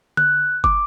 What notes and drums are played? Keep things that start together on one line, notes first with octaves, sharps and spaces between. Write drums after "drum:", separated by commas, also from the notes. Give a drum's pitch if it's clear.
F#6, drum: tom D3
D6, drum: kick